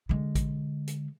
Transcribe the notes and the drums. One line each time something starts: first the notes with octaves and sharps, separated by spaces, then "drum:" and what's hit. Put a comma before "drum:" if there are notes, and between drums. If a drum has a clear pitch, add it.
D3 G#3
drum: kick A1, hi-hat
drum: hi-hat